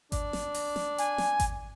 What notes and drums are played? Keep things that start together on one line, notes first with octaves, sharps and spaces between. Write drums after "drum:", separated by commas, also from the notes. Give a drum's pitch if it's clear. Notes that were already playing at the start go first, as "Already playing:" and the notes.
D4, drum: kick G#1, hi-hat
drum: snare
drum: open hi-hat
drum: snare
G#5, drum: hi-hat
drum: snare
drum: kick G#1, hi-hat